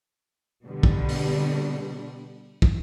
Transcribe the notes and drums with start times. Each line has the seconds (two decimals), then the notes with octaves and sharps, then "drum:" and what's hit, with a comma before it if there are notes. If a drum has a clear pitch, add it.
0.64 B2 D3 G3
0.83 drum: kick
1.09 drum: open hi-hat
2.62 drum: kick